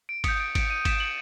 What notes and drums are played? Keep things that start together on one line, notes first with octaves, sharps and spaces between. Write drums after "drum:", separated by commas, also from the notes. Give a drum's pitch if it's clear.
D7
D#6 G6 C#7, drum: kick G#1, cymbal
D7
D7, drum: kick G#1, cymbal
D#7
E7, drum: kick G#1, cymbal
F#7